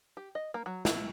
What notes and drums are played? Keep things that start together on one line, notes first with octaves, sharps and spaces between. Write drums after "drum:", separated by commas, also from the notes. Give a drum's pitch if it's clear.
G4
D#5
A#3
F#3
E4, drum: snare